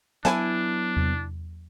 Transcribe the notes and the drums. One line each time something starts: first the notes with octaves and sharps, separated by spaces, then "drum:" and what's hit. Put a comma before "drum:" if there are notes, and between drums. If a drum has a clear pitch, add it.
F#3 B3 D4 E4 G#5 A5, drum: hi-hat
drum: tom E2